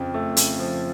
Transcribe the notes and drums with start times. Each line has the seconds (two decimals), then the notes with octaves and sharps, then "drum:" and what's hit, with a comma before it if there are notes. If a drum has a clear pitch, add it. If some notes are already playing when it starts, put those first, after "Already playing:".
Already playing: F2 C#3 F3
0.14 A3
0.37 C#3, drum: hi-hat
0.59 F3